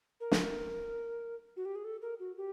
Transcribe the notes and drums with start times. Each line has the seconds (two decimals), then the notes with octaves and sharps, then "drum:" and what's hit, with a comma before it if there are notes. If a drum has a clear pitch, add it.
0.20 A#4
0.31 drum: snare
1.56 F#4
1.65 G4
1.75 G#4
1.84 A4
2.02 A#4
2.19 F#4
2.37 G4